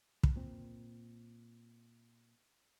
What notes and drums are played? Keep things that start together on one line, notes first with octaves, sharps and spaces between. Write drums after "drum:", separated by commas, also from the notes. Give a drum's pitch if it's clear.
drum: kick
A#2 C4